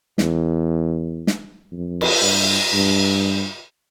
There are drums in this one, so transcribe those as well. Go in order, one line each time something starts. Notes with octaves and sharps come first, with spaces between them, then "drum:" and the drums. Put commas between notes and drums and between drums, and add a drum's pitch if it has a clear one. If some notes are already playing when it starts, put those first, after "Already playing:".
E2, drum: snare
drum: snare
F2
drum: cymbal
G2
G2